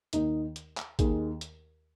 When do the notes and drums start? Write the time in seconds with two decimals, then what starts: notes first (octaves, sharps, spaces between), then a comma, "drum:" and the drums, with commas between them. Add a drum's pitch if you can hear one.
0.13 D#2 D#3 D#4, drum: hi-hat
0.56 drum: hi-hat
0.77 drum: clap
0.99 D#2 D#3 G#4, drum: kick A1, hi-hat
1.41 drum: hi-hat